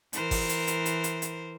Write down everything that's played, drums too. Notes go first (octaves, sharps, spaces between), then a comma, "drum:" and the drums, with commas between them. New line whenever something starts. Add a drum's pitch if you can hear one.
E3 A#4 C5, drum: hi-hat
drum: kick G#1, open hi-hat
drum: hi-hat
drum: hi-hat
drum: hi-hat
drum: hi-hat
drum: hi-hat